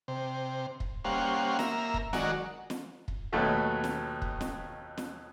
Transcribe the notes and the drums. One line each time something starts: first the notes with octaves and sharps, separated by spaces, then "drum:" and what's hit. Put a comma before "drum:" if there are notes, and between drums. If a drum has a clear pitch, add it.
C3
drum: kick
G3 A#3 C#4 C5 F5 F#5
A#3 A#4 E5, drum: snare
drum: kick
D#3 F#3 G#3 F#4 A#4 D5, drum: snare
drum: snare
drum: kick
D#2 B2 F#3 A3 B3
drum: snare
drum: kick
drum: snare
drum: snare